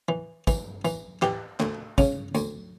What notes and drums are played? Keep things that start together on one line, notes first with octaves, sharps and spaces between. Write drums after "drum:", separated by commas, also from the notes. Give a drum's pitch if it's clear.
E3
E3, drum: kick, tambourine
E3, drum: tambourine
E3 G4, drum: clap
D2, drum: clap
C#3, drum: kick, tambourine
D2, drum: tambourine